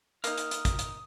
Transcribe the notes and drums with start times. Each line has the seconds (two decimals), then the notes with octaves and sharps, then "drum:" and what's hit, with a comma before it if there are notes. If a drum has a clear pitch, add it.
0.24 A#3 D#4 D#6 F6, drum: hi-hat
0.38 drum: hi-hat
0.51 drum: hi-hat
0.65 drum: kick, hi-hat
0.79 drum: hi-hat